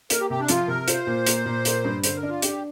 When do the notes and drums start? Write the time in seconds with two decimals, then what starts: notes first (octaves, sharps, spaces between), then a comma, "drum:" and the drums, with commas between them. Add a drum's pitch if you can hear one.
0.10 A#3 A#4, drum: hi-hat
0.20 G4
0.30 C3 G4
0.40 D4
0.48 F3 F4, drum: hi-hat
0.68 C3 A#4
0.88 F4 C5, drum: hi-hat
1.07 A#2
1.26 A#3, drum: hi-hat
1.46 A#2
1.65 A#3, drum: hi-hat
1.84 G2
2.04 D3 C5, drum: hi-hat
2.16 A#4
2.23 D4
2.29 F4
2.42 D4 G4, drum: hi-hat